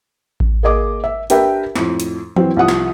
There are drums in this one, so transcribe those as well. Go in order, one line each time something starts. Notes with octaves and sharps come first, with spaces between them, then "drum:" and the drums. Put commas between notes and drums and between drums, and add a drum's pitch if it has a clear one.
drum: kick A1
A#3 G#4 D#5 D6
E5
D4 G4 A#4 B4 E5 G5, drum: hi-hat
F2 A2, drum: snare
drum: hi-hat
E3 F#3 C4, drum: tom E3
C2 F3 F#5 D#6
drum: snare